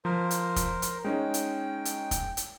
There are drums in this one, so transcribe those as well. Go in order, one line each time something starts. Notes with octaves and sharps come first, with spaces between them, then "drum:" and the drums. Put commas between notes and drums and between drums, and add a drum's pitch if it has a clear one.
F3 A#4 C5
drum: hi-hat
drum: kick, hi-hat
drum: hi-hat
G#3 C#4 D#4 G5
drum: hi-hat
drum: hi-hat
drum: kick, hi-hat
drum: hi-hat